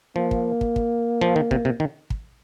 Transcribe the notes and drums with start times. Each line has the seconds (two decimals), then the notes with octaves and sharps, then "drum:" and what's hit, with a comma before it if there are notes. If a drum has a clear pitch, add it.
0.16 F3 A#3
0.31 drum: kick
0.61 drum: kick
0.76 drum: kick
1.21 F3
1.36 D#3
1.51 C3, drum: kick
1.65 C3
1.80 D#3
2.10 drum: kick